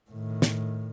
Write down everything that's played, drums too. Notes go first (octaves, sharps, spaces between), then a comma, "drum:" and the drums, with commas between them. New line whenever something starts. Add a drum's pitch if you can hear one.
A2 D#3
drum: snare